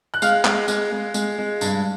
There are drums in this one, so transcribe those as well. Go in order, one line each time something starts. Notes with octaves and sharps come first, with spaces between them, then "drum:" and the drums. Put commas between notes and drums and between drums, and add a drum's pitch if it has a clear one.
F#6
G#3 F5 F6, drum: tambourine
G#3, drum: clap
G#3, drum: tambourine
G#3
G#3, drum: tambourine
G#3
G2, drum: tambourine